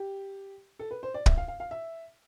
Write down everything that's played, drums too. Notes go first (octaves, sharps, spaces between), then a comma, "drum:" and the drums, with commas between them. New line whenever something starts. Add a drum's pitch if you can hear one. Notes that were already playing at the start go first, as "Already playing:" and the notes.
Already playing: G4
A4
B4
C5
D5
E5, drum: kick
F5
F5
F5
E5